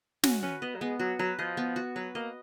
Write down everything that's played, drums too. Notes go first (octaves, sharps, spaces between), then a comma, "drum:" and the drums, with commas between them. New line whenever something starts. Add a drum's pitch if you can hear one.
C#4 F#4, drum: snare
C#4 B4
B3 D#5
F#3
G#3 B3
F#3 F#4
F#3 B4
F3 D#5
B3
F#4
F#3 B4
A#3 D#5